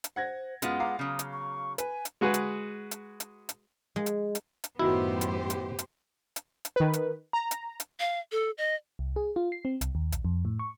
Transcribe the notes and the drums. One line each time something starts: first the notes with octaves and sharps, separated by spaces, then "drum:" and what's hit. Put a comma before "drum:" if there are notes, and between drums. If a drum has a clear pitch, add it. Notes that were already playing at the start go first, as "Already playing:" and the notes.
drum: hi-hat
C5 F#5 G#6 A#6
F#2 G#3 B3 F4 F#5, drum: hi-hat
F5 A#5 D6
C#3 F#3 D#6
drum: hi-hat
C#6
B4 G#5, drum: hi-hat
drum: hi-hat
G#3 F#4 G#4 B4
drum: hi-hat
drum: hi-hat
drum: hi-hat
drum: hi-hat
G#3
drum: hi-hat
drum: hi-hat
drum: hi-hat
F#2 A2 D#3 B3 E4 F#4 G4 C5
drum: hi-hat
drum: hi-hat
drum: hi-hat
drum: hi-hat
drum: hi-hat
D#3 B4
drum: hi-hat
A#5
drum: hi-hat
drum: hi-hat
F5
A4
D#5
C2
G#4
F4
C7
C4
C2, drum: hi-hat
D#2
A#1, drum: hi-hat
F2
A2
C#6